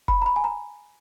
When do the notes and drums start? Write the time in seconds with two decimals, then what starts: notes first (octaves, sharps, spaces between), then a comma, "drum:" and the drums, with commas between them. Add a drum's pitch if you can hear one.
0.08 B5, drum: kick F1
0.22 A#5
0.26 B5
0.36 G#5
0.44 A#5